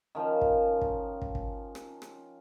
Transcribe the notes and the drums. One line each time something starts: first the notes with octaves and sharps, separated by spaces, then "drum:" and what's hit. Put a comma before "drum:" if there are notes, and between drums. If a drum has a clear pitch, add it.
D#3 F3 C#4 F4
drum: kick
drum: kick
drum: kick
drum: kick
drum: rim click
drum: rim click